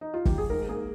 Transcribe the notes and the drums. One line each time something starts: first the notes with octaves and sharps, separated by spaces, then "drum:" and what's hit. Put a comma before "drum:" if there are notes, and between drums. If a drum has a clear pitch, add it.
D#4
F4
G4, drum: kick
G#4
G#2 A#4
A#3 G#4